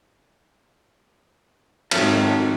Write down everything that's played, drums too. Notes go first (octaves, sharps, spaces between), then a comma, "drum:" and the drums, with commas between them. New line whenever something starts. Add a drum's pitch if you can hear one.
F2 G#2 D#3 F#3 A3, drum: cymbal